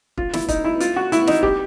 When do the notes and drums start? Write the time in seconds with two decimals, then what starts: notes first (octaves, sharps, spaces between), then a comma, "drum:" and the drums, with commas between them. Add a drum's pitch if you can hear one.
0.18 F4, drum: kick
0.33 E4, drum: snare
0.48 D#4, drum: kick, hi-hat
0.64 E4
0.80 F4, drum: hi-hat
0.96 F#4
1.12 E4, drum: hi-hat
1.27 D#4, drum: snare
1.43 G4, drum: kick